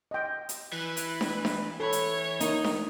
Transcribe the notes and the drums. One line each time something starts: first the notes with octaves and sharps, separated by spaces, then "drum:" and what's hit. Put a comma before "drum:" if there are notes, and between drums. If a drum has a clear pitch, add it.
D#5 G5
drum: hi-hat
E3 B4
drum: hi-hat
drum: snare D4
drum: snare D4
A4 C#5 B5
drum: hi-hat
A#3 D#4 A#4, drum: hi-hat
drum: snare D4